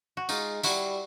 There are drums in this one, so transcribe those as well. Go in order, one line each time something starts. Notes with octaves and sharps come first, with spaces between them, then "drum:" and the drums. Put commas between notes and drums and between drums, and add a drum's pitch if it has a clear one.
F#4
G#3 D#4 F4, drum: tambourine
G3 E4 F#4, drum: tambourine